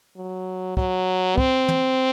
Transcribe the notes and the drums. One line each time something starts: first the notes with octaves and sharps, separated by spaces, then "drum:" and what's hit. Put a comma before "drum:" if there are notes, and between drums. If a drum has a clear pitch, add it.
F#3
F#3, drum: kick
C4, drum: kick
drum: tom